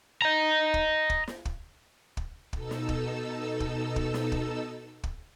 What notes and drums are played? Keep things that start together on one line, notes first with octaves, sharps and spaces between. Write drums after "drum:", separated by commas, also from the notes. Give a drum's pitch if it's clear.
D#5 A#5
drum: kick
drum: kick
drum: snare
drum: kick
drum: kick
B2 D#4 A4 E6, drum: kick
drum: snare
drum: kick
drum: kick
drum: kick
drum: snare
drum: kick
drum: kick